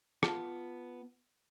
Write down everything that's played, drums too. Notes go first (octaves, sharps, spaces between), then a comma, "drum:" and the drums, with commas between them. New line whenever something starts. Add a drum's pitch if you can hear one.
B3 F4 A5, drum: rim click